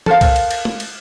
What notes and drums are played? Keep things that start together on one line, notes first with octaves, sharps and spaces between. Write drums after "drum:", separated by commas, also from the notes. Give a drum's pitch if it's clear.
A4 A#4 C5 F5, drum: tom E3
drum: kick C2, cymbal
drum: cymbal
drum: cymbal
drum: tom
drum: cymbal